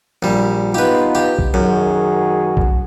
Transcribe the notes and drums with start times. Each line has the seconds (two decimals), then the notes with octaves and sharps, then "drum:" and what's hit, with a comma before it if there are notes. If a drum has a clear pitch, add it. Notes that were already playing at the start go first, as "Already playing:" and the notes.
0.23 A#1 G3
0.74 B3 D#4 F4 G4 B4
1.15 G4
1.39 drum: kick
1.54 F#2 D#3 F#4 G#4
2.57 drum: kick